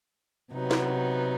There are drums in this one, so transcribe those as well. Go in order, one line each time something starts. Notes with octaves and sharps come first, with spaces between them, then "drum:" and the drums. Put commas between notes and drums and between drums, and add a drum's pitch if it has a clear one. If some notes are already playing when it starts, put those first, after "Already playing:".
C3 F#3 B3 D#4
drum: snare